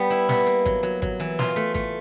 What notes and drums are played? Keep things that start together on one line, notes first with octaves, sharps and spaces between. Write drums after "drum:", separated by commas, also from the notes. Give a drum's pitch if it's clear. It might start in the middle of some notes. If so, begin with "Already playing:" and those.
Already playing: G3 B3
E4, drum: hi-hat
B3, drum: snare
A#3, drum: hi-hat
F#3, drum: kick G#1, hi-hat
F#3, drum: hi-hat
F#3, drum: kick G#1, hi-hat
E3, drum: hi-hat
F4, drum: snare
A3, drum: hi-hat
A3, drum: kick G#1, hi-hat